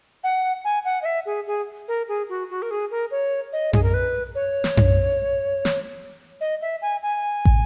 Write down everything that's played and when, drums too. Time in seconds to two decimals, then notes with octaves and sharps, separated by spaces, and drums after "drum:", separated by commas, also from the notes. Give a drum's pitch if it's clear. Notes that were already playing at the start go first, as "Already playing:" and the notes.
0.24 F#5
0.65 G#5
0.85 F#5
1.02 D#5
1.05 E5
1.26 G#4
1.47 G#4
1.88 A#4
2.08 G#4
2.29 F#4
2.50 F#4
2.62 A#4
2.71 G#4
2.91 A#4
3.11 C#5
3.53 D#5
3.73 G#4, drum: tom F#2
3.83 A#4
3.94 B4
4.35 C#5
4.64 drum: snare
4.77 drum: tom F#2
5.65 drum: snare
6.41 D#5
6.62 E5
6.82 G#5
7.03 G#5
7.45 drum: kick